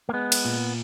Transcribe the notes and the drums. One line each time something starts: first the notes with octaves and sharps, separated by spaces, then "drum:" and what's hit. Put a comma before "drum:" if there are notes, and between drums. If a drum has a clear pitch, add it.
A#3
G#3 B3
drum: cymbal
A#2